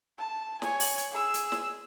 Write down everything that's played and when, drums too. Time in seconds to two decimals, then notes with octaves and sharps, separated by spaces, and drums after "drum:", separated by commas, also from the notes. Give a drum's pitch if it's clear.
0.18 A5
0.62 C#5 G#5, drum: snare
0.80 drum: open hi-hat
0.98 drum: hi-hat
1.11 G#4 E6
1.34 drum: hi-hat
1.52 drum: snare